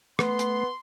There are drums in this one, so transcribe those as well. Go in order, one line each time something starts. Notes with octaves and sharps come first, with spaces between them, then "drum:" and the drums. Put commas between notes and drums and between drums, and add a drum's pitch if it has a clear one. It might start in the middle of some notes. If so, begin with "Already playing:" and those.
A3 B3 C6, drum: rim click
drum: hi-hat